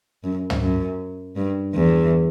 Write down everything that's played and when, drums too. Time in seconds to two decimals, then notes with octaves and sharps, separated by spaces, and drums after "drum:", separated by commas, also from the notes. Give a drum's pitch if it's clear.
0.24 F#2
0.50 drum: tom
0.61 F#2
1.36 G2
1.75 E2